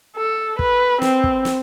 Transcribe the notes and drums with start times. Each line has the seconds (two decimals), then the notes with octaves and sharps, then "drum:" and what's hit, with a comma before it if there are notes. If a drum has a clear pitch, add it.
0.17 A4
0.59 B4, drum: kick
1.02 C4, drum: snare
1.24 drum: kick
1.45 drum: snare